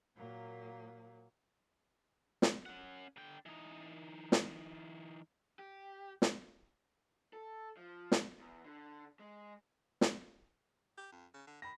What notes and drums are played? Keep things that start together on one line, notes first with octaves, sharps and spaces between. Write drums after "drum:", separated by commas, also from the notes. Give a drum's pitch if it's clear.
A#2 F#3 A#3
drum: snare
C#4 F#5
D3 G5
E3 D#4
drum: snare
G4
drum: snare
A4
F3
drum: snare
E2
D3
G#3
drum: snare
G4
F2
C#3
D3
D#3 B5 A#6